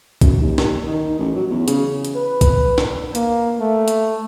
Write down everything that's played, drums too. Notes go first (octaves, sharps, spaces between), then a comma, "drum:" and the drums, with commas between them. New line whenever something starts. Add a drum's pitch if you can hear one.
F#2, drum: kick B1, hi-hat
D#2
drum: snare
D#3
A1
F#3
E2
C#3, drum: hi-hat
drum: hi-hat
B4
drum: kick B1, hi-hat
drum: snare
A#3, drum: hi-hat
A3
drum: hi-hat